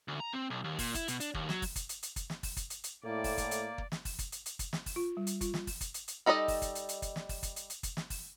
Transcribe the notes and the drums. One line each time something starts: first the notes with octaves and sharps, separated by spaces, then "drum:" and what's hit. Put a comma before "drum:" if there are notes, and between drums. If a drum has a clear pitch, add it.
D2
A#5
C4
B1
D#2
A#2, drum: kick, open hi-hat
E4, drum: kick, hi-hat
B2, drum: hi-hat
D4, drum: hi-hat
D#2, drum: kick
F#3, drum: snare
drum: kick, open hi-hat
drum: kick, hi-hat
drum: hi-hat
drum: hi-hat
drum: kick, hi-hat
drum: snare
drum: kick, open hi-hat
drum: kick, hi-hat
drum: hi-hat
drum: hi-hat
A2 A#3 D5
drum: kick, open hi-hat
drum: kick, hi-hat
drum: hi-hat
drum: kick
drum: snare
drum: kick, open hi-hat
drum: kick, hi-hat
drum: hi-hat
drum: hi-hat
drum: kick, hi-hat
drum: snare
drum: kick, open hi-hat
F4
G3
drum: hi-hat
F4, drum: kick, hi-hat
drum: snare
drum: kick, open hi-hat
drum: kick, hi-hat
drum: hi-hat
drum: hi-hat
G3 D#4 A4 B4 D#5
drum: kick, open hi-hat
drum: kick, hi-hat
drum: hi-hat
drum: hi-hat
drum: kick, hi-hat
drum: snare
drum: kick, open hi-hat
drum: kick, hi-hat
drum: hi-hat
drum: hi-hat
drum: kick, hi-hat
drum: snare
drum: kick, open hi-hat